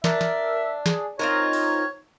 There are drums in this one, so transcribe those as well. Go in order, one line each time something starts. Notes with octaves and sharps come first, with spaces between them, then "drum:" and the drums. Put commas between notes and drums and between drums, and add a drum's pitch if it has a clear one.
D4 A#4 E5, drum: snare
drum: snare
G#4, drum: snare
C4 D#4 F4 A#4 C#5
drum: open hi-hat